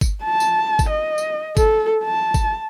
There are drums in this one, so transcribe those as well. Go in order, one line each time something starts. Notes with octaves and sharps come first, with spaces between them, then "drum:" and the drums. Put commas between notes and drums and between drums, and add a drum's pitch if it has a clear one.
drum: kick G1, tambourine
A5
drum: tambourine
drum: kick G1, tambourine
D#5
drum: tambourine
A4, drum: kick G1, tambourine
A5
drum: kick G1, tambourine